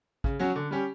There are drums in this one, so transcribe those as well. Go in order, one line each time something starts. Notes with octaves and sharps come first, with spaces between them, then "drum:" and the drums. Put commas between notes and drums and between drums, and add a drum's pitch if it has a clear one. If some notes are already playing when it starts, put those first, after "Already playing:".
C#3, drum: kick A1
F#3 C#4 F#4
D3
G3 C#4 G4